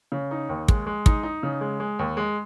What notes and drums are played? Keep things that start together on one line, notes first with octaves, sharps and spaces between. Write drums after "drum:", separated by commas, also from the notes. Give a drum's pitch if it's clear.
C#3
D#4
D#2
G#3, drum: kick
G#3
D#4, drum: kick
D#4
C#3
G#3
G#3
D#2
G#3